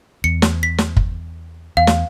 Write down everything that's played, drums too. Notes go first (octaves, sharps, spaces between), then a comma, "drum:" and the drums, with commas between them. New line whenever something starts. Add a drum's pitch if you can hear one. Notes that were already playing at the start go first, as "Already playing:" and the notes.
E2 C#7
drum: snare
B6
drum: snare
drum: kick
E2 F5
drum: snare